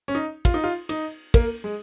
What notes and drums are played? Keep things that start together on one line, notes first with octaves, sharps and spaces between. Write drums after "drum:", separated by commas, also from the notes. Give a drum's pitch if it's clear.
C#4
D#4
F4, drum: kick, cymbal
D#4
F4
D#4, drum: cymbal
A#3, drum: kick, cymbal
G#3